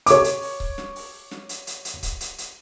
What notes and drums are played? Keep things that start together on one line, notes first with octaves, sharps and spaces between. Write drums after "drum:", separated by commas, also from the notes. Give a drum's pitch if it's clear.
C#5 D6, drum: hi-hat
drum: hi-hat
drum: open hi-hat
drum: kick C#1
drum: snare
drum: open hi-hat
drum: snare
drum: hi-hat
drum: hi-hat
drum: hi-hat
drum: kick C#1, hi-hat
drum: hi-hat
drum: hi-hat